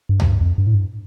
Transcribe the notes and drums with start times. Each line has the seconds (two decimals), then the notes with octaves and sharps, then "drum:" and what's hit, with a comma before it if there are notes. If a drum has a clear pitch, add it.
0.09 G2
0.20 F2, drum: tom C#2
0.26 G2
0.41 F2
0.58 G2
0.67 A2
0.75 G2